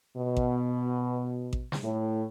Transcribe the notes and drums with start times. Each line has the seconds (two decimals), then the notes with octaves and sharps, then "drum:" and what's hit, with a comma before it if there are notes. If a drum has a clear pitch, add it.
0.17 B2
0.37 drum: kick A1
1.53 drum: kick A1
1.72 drum: snare
1.83 A2